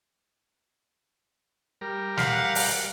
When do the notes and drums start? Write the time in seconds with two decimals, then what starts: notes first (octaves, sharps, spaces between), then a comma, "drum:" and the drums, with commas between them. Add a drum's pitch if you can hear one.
1.81 G3 A#4
2.17 F5 F#5 F6 B6 C7, drum: snare
2.55 drum: open hi-hat